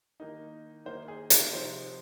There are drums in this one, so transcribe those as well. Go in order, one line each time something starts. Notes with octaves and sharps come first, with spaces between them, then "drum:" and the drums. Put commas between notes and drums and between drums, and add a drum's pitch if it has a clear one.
D#3 A#3 D#4
D#3 A#3 D#4 C5
G#4
A#4, drum: hi-hat
C3 F3 C4 D#4 C5